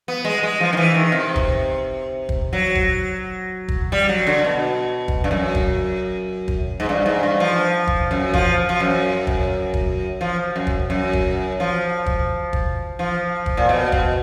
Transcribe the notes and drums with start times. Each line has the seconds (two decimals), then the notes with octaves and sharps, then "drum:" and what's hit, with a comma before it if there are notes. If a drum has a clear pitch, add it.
0.08 B3
0.25 G#3
0.43 G#3
0.60 F3
0.73 D#3
0.77 E3
0.94 D#3
1.12 C3
1.36 drum: kick
2.29 drum: kick
2.53 F#3
2.75 drum: kick
3.68 drum: kick
3.92 G3
4.09 F#3
4.27 D3
4.44 B2
5.08 drum: kick
5.24 G2
5.31 F#2
5.55 drum: kick
6.48 drum: kick
6.80 G#2
6.89 G2
7.06 G#2
7.23 G2
7.40 F3
7.87 drum: kick
8.11 F#2
8.33 F3, drum: kick
8.69 F3
8.80 F#2
9.27 drum: kick
9.74 drum: kick
10.21 F3
10.56 F#2
10.67 drum: kick
10.90 F#2
11.13 drum: kick
11.60 F3
12.06 drum: kick
12.53 drum: kick
12.99 F3
13.46 drum: kick
13.57 A#2
13.69 B2
13.92 B2, drum: kick